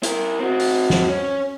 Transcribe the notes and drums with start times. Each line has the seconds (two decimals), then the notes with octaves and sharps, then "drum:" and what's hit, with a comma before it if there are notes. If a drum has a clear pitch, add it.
0.03 E4 A#4, drum: hi-hat
0.40 C4 F#4
0.60 drum: open hi-hat
0.90 drum: snare
1.09 C#4